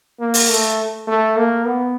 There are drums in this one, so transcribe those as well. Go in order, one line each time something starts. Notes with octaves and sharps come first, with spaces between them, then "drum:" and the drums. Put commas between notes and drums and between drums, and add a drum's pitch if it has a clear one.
A#3
drum: open hi-hat
A3
A3
A#3
B3